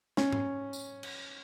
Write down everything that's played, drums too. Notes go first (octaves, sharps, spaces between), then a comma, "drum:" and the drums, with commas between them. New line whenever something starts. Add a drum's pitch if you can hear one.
C#4, drum: snare
drum: tom G#2
drum: tambourine
drum: cymbal